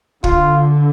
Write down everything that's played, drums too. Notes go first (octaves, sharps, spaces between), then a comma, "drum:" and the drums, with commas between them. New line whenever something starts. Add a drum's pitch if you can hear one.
D3 F4, drum: kick